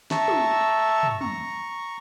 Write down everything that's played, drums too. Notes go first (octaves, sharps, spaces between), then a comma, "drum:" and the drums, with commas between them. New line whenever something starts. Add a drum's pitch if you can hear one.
E5 A5 A#5 C#6 E6, drum: snare
drum: tom
drum: tom
A#5 C#6, drum: tom